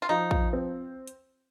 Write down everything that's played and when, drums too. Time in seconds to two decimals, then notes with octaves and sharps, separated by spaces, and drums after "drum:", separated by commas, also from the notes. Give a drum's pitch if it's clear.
0.02 F4
0.09 F3 D#4
0.31 F4, drum: kick A#1
0.53 C4
1.07 drum: hi-hat